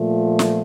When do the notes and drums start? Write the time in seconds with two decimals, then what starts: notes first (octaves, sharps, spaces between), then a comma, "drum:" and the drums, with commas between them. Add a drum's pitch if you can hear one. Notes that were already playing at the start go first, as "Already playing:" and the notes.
Already playing: A#2 F3 A3
0.39 drum: snare